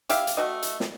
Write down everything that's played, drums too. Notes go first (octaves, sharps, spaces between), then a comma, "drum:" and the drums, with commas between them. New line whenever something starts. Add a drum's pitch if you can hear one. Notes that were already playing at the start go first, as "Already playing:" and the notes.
E4 G4 E5 F5, drum: hi-hat
drum: hi-hat
A3 F#4 D#5
drum: hi-hat
drum: snare